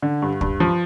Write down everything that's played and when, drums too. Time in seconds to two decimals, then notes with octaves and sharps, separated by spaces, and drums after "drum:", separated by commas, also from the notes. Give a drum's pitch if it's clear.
0.03 D3
0.22 G2
0.41 G2, drum: kick D2
0.60 F3